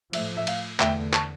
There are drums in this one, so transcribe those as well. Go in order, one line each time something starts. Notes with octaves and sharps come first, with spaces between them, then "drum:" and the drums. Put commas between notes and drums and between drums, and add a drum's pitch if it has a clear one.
A2 F3 A3 E5, drum: cymbal
E5
F5, drum: cymbal
E2 D3 A3 E5 G5, drum: clap
A5 C#6, drum: clap